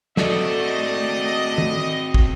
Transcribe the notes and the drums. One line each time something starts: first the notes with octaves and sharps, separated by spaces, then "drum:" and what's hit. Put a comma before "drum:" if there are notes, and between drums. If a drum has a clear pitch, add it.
A3 C4 F#4 D5 D#5, drum: snare
drum: tom
drum: kick